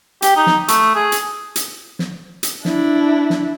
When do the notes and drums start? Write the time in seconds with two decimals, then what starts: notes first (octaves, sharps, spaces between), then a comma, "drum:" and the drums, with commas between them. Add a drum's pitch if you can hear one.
0.22 G4, drum: hi-hat
0.36 D#4
0.47 drum: snare
0.68 A3, drum: hi-hat
0.95 G#4
1.12 drum: hi-hat
1.56 drum: hi-hat
1.99 drum: snare
2.43 drum: hi-hat
2.65 D4 E4, drum: snare
3.30 drum: snare